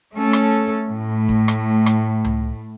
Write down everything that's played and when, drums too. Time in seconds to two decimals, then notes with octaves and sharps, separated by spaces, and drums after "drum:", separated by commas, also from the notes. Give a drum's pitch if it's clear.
0.14 A3 C#4 A4
0.33 drum: rim click
0.88 A2
1.29 drum: kick
1.48 drum: rim click
1.86 drum: rim click
2.25 drum: tom C#2